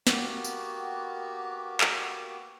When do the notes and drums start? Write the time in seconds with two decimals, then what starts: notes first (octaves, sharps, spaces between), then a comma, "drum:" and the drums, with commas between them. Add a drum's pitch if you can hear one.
0.07 A#3 B3 F#4 G4, drum: snare
0.44 drum: tambourine
1.81 drum: clap